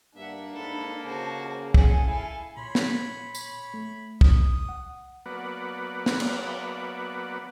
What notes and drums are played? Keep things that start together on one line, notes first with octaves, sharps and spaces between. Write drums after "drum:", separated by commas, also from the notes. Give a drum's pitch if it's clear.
G2 A#3 D4 E5 F#5
G#2 A4 B5
C#3 F#4 C5 A5
G#4 A4 F#5 G#5, drum: kick
E4 A4 F5
A#2 C#5 B5 C6
drum: snare
C#5 B5, drum: tambourine
A3
D#6, drum: kick
F#5
F#3 A#3 B3 B4 D5 F#5
drum: snare
drum: cymbal